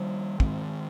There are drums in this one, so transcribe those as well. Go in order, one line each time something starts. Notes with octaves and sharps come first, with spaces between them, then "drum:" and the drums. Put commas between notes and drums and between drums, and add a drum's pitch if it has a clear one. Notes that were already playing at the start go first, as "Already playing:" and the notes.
Already playing: D#3 F3 G3 D4
D#3 G#3 C4, drum: kick